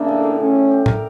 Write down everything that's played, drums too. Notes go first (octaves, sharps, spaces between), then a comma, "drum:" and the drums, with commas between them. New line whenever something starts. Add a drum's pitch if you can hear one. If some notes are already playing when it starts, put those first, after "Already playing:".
Already playing: C#3 E3 A#3 D4 E4
A2
A2
D3 A3 C#4
G4
G4
A#4, drum: tom A2